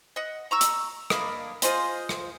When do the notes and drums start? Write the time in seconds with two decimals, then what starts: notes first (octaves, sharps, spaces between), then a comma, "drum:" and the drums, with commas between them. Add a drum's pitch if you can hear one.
0.16 D#5 F#5
0.51 A#5 C#6 E6
0.61 drum: hi-hat
1.10 A#3 D4 D#5 B5, drum: rim click
1.62 F4 G#4 C5 D#5, drum: hi-hat
2.09 drum: rim click